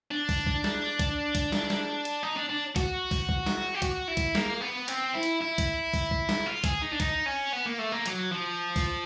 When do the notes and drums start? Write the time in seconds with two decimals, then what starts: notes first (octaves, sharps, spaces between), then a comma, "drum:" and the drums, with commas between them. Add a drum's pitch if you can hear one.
0.11 D4
0.29 drum: kick, open hi-hat
0.46 drum: kick
0.64 drum: snare
0.99 drum: kick, hi-hat
1.35 drum: kick, hi-hat
1.52 drum: snare
1.70 drum: snare
2.05 drum: hi-hat
2.23 D#4
2.36 D4
2.49 D4
2.76 F#4, drum: kick, hi-hat
3.11 drum: kick, open hi-hat
3.29 drum: kick
3.46 drum: snare
3.74 G4
3.82 F#4, drum: kick, hi-hat
4.08 E4
4.17 drum: kick, hi-hat
4.35 A#3, drum: snare
4.61 B3
4.88 C4, drum: hi-hat
5.14 E4
5.23 drum: hi-hat
5.41 E4
5.58 drum: kick, hi-hat
5.94 drum: kick, open hi-hat
6.11 drum: kick
6.29 drum: snare
6.46 F4
6.64 G#4, drum: kick, hi-hat
6.82 D#4
6.92 D4
7.00 D#4, drum: kick, hi-hat
7.26 C#4
7.53 B3
7.66 A#3
7.79 A3
7.92 A#3
8.06 F#3, drum: hi-hat
8.32 F3
8.76 drum: kick, open hi-hat